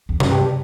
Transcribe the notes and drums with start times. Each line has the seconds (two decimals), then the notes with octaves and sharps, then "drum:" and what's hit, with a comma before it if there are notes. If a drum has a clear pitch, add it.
0.09 E2
0.20 F#2, drum: tom C3
0.30 G2